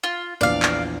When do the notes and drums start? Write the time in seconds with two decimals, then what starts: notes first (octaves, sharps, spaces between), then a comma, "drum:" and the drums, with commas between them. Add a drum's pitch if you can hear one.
0.04 F4
0.41 A#1 E2 D5 F5
0.62 drum: clap